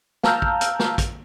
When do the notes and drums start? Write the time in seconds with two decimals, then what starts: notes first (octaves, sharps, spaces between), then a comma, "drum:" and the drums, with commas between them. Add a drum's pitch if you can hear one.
0.24 F5 A5 A#5 E6 F6 G6, drum: snare
0.42 drum: kick
0.61 drum: hi-hat
0.79 drum: snare
0.98 drum: kick, hi-hat